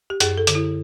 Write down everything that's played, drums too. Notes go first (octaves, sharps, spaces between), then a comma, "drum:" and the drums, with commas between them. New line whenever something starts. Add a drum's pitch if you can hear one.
G4
F#2 G#4, drum: hi-hat
A4
D3, drum: hi-hat
E4